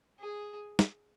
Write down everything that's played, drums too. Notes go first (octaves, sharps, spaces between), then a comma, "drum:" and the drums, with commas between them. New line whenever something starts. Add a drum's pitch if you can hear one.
G#4
drum: snare